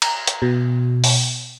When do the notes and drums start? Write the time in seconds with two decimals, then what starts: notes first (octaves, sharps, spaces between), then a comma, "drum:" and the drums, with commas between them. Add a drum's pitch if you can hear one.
0.02 A#5, drum: cymbal
0.27 drum: hi-hat
0.42 B2
1.04 drum: open hi-hat